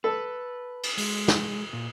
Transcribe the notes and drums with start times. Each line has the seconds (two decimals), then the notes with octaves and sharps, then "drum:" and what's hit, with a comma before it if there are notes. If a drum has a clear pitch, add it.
0.04 A4 B4
0.83 drum: cymbal
0.98 G#3, drum: open hi-hat
1.28 drum: snare
1.73 A#2